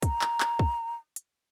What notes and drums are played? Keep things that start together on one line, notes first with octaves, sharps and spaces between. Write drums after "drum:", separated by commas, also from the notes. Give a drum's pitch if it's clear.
A#5, drum: kick, hi-hat
drum: clap
drum: clap
drum: kick
drum: hi-hat